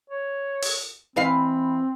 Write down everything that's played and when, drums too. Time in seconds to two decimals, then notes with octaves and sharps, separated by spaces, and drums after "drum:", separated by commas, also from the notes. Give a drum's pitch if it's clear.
0.10 C#5
0.62 drum: open hi-hat
1.16 E3 C4 B4 F5